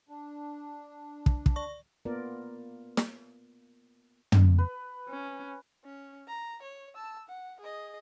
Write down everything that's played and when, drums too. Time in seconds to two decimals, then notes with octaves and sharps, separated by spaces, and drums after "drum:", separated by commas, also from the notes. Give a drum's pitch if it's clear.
0.09 D4
1.26 drum: kick
1.46 drum: kick
1.56 D5 C#6
2.05 A#3 B3 F4 A#4 D5
2.97 drum: snare
4.32 drum: tom
4.58 B4
5.08 C#4
5.85 C#4
6.28 A#5
6.62 C#5
6.95 A5 E6
7.29 F#5
7.61 G#4 D#5